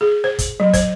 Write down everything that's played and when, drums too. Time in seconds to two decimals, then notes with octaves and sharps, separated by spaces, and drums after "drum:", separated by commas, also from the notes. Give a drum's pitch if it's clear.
0.01 G#4
0.24 C5
0.39 drum: kick, hi-hat
0.60 F#3
0.73 C5, drum: kick, hi-hat